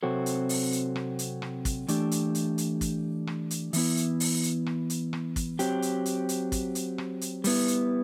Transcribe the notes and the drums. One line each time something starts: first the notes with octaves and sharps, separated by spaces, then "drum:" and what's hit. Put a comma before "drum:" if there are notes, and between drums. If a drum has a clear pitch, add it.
C3 F#3 C4 F#4 A4
drum: hi-hat
drum: open hi-hat
drum: hi-hat
drum: rim click
drum: hi-hat
drum: rim click
drum: kick, hi-hat
E3 A3 D4 G4, drum: hi-hat
drum: hi-hat
drum: hi-hat
drum: hi-hat
drum: kick, hi-hat
drum: rim click
drum: hi-hat
E3 B3 E4, drum: open hi-hat
drum: hi-hat
drum: open hi-hat
drum: hi-hat
drum: rim click
drum: hi-hat
drum: rim click
drum: kick, hi-hat
F#3 C4 G4, drum: hi-hat
drum: hi-hat
drum: hi-hat
drum: hi-hat
drum: kick, hi-hat
drum: hi-hat
drum: rim click
drum: hi-hat
G3 B3 E4, drum: open hi-hat
drum: hi-hat